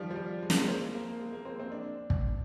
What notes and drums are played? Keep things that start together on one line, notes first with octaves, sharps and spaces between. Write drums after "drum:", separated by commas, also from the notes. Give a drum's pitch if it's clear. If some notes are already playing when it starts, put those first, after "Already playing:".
Already playing: D#3 F3 G3
F3
G3
G#3
A#3, drum: snare
G#3
C4
A#3
G#3
A#3
C4
C4
D4
drum: kick